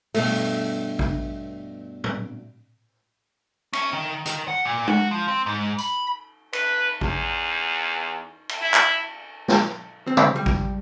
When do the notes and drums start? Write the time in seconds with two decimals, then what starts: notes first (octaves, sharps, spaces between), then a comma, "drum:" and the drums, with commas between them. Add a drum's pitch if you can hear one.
0.14 G2 B2 A3, drum: open hi-hat
0.99 drum: kick A1
2.04 drum: tom
3.73 C#4, drum: cymbal
3.93 D#3
4.26 D#3, drum: hi-hat
4.48 F#5
4.65 A#2
4.88 F#4, drum: tom G#3
5.11 F3
5.28 C4
5.46 G#2
5.78 B5, drum: tambourine
6.53 B4, drum: cymbal
7.01 E2, drum: kick A1
8.49 drum: cymbal
8.62 E4
8.74 drum: clap
9.48 drum: snare
10.07 C4
10.17 drum: tom
10.36 G3
10.46 drum: kick A1